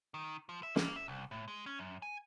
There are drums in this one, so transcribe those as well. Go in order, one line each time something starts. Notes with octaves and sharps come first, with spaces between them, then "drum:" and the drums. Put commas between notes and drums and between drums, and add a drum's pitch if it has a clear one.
D#3
F3
E5
A#3, drum: snare
E5
C2
A2
G#3
C#4
F#2
G#5